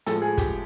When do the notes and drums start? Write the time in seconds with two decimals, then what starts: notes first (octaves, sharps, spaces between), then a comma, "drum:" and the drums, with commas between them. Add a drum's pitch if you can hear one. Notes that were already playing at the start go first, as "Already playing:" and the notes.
0.06 A2 F3 G#3 A4, drum: hi-hat
0.22 G#4
0.38 G4, drum: kick, hi-hat